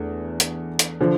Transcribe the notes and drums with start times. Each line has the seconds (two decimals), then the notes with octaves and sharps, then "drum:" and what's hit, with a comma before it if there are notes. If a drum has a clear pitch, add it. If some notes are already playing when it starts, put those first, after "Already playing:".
Already playing: E2 A3 D4
0.40 drum: hi-hat
0.79 drum: hi-hat
1.00 D3 F3